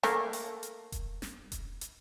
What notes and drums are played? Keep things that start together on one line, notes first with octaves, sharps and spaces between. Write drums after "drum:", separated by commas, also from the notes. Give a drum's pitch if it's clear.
A3 A#3, drum: snare
drum: open hi-hat
drum: hi-hat
drum: kick E1, hi-hat
drum: snare
drum: kick E1, hi-hat
drum: hi-hat